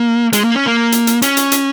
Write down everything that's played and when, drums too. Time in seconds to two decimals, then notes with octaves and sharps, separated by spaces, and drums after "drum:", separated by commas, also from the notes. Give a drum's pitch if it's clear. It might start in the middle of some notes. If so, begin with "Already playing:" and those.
Already playing: A#3
0.33 G#3, drum: hi-hat
0.44 A#3
0.56 C#4
0.66 A#3
0.92 drum: hi-hat
1.07 drum: hi-hat
1.22 C#4, drum: hi-hat
1.37 drum: hi-hat
1.52 drum: hi-hat